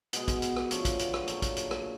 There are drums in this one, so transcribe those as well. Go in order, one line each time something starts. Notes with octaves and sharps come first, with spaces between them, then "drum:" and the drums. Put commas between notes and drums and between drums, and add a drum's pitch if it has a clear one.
B2 G#3 B3, drum: hi-hat
drum: kick, hi-hat
drum: hi-hat
drum: rim click
C#3 F3 A3 D4, drum: hi-hat
drum: kick, hi-hat
drum: hi-hat
drum: rim click
A#2 F#3 A3, drum: hi-hat
drum: kick, hi-hat
drum: hi-hat
drum: rim click